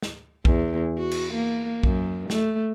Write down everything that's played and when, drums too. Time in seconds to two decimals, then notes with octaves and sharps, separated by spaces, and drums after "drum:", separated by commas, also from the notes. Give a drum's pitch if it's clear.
0.02 drum: snare
0.45 E2, drum: kick B1
0.98 F#4
1.11 drum: cymbal
1.34 A#3
1.83 F#2, drum: kick B1
2.30 A3, drum: snare